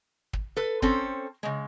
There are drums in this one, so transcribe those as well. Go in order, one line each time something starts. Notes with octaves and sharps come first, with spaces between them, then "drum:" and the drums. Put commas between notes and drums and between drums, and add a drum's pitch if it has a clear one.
drum: kick
A4 B4
C4 C#4 A4 C5, drum: kick
C#3 G#3